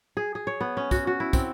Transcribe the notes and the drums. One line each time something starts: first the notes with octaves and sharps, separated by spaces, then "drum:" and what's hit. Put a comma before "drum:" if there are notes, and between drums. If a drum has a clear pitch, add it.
G#4
G#4
C#5
B3
C#4
F#4, drum: kick, tambourine
F#4
E4
C4, drum: kick, tambourine